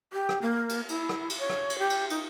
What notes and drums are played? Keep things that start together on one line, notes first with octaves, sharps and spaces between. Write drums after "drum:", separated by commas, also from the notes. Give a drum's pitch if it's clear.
G4
drum: rim click
A#3
drum: cymbal
E4, drum: cymbal
drum: rim click
drum: cymbal
C#5
drum: rim click
drum: cymbal
G4
drum: cymbal
D#4, drum: cymbal